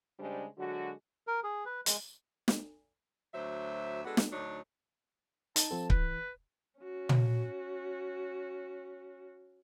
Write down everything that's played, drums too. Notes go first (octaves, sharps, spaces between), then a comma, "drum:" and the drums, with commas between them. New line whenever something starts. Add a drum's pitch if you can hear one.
C#3 G3 G#3 D4 C5
D3 F#3 G#3 F#4
A#4
G#4
B4
G#3, drum: hi-hat
drum: snare
D2 F#3 C5 E5
G#3 B3 D4 F#4 A4
drum: snare
D2 F#3 D4 D#4 C#5
D#4 A5, drum: hi-hat
F3 C4 A4
E3 B4, drum: kick C#1
C#4 F#4
drum: tom